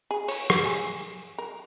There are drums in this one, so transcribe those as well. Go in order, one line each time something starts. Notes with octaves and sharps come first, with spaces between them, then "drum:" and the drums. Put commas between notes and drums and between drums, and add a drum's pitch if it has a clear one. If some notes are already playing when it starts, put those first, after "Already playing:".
G#4
C#5, drum: open hi-hat
drum: rim click
G#4
A#4